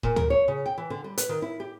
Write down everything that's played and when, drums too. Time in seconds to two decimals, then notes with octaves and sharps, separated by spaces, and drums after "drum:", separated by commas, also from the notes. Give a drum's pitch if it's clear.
0.03 A#2, drum: kick D#1
0.16 A#4, drum: tom D2
0.30 C#5
0.48 C#3
0.66 G5
0.78 E3
0.90 D3
1.04 G3
1.18 B4, drum: hi-hat
1.29 D#3
1.42 E4
1.60 G4